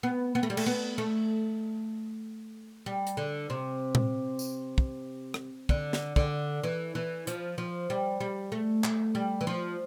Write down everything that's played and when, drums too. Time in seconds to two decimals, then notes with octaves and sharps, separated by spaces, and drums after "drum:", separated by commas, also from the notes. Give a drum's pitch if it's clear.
0.03 B3
0.35 B3
0.43 A3
0.50 G3
0.57 A3, drum: cymbal
0.66 B3
0.98 A3
2.86 G3
3.07 drum: hi-hat
3.17 D3
3.50 C3
3.95 drum: tom A#2
4.39 drum: tambourine
4.78 drum: kick
5.34 drum: rim click
5.69 D3, drum: kick
5.93 drum: snare
6.16 D3, drum: kick
6.63 E3
6.95 E3
7.27 F3, drum: hi-hat
7.58 F3
7.90 G3
8.20 G3
8.52 A3
8.84 A3, drum: clap
9.15 G3
9.41 E3
9.47 F3